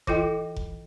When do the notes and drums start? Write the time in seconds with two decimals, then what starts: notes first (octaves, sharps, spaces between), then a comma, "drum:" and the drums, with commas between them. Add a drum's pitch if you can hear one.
0.07 E3 E4 F4 A4 D#5 G5, drum: kick F1
0.56 drum: kick F1